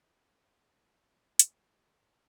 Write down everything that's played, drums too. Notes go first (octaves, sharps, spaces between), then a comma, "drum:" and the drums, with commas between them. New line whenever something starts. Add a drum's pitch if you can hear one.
C#4
D4
C#4
C#4
D4
E4, drum: hi-hat
G#4
F#4
A4
A4